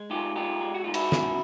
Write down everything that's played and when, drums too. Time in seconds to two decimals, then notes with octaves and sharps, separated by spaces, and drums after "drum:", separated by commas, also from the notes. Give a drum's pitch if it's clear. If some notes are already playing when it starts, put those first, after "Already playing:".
Already playing: G#3
0.10 G#2 F4 G4
0.36 G#3 F4 G4
0.61 G#3
0.74 F#4
0.84 G#2 F4
0.94 E4 F#4, drum: cymbal
1.12 G#2, drum: snare